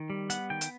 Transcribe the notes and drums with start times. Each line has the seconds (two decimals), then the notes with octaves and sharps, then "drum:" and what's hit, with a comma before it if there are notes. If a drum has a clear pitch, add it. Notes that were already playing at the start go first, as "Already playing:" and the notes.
Already playing: D#3
0.10 G3
0.30 B3 F#5, drum: hi-hat
0.50 D#3 G5
0.61 drum: hi-hat